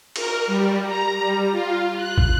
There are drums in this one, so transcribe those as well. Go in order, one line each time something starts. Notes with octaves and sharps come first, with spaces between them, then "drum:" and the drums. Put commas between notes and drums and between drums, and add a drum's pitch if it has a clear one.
A#4, drum: cymbal
G3
A#5
G3
F4
F#6
drum: kick